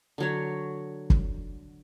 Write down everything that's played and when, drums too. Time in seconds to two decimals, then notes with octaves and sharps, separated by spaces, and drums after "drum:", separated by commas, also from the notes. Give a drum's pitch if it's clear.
0.18 D3 F#3 C#5
1.10 drum: kick